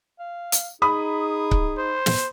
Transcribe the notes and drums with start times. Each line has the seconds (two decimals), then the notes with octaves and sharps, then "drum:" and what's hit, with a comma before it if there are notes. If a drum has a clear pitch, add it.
0.19 F5
0.52 drum: hi-hat
0.82 D#4 G#4 B5 D#6
1.51 drum: kick C#1
1.78 C5
2.06 drum: snare